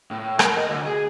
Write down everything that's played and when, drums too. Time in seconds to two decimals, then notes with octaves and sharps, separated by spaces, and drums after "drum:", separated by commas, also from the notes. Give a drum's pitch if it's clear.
0.11 A2
0.39 A#4, drum: rim click
0.57 D#5
0.69 D2
0.86 G#4